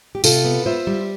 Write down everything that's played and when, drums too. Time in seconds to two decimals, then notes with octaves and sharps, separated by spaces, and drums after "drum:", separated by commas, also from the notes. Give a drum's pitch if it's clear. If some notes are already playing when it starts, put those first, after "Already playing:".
0.15 G4
0.24 C3 F4 A4, drum: tambourine
0.44 B3
0.66 F4 C5 E5
0.87 G3